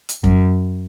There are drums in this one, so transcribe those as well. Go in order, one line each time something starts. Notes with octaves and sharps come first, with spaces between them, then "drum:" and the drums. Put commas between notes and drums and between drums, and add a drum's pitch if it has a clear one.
drum: hi-hat
F#2, drum: kick F1